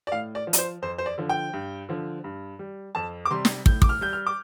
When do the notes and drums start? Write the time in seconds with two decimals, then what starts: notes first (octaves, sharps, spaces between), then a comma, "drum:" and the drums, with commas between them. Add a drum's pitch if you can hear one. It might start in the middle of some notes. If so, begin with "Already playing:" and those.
0.07 D5
0.12 A2 F5
0.35 D5
0.47 F3
0.53 D5, drum: hi-hat
0.58 C5
0.82 F2 C5
0.98 C5
1.06 D5
1.18 D3 F3
1.29 G5
1.53 G2
1.89 D3 F3
2.24 G2
2.59 G3
2.95 F2 A5
3.25 D6
3.31 C3 G3 C6
3.45 drum: snare
3.66 A2 G6, drum: kick
3.82 D6, drum: kick
3.89 F6
4.01 G3 G6
4.13 F6
4.27 D6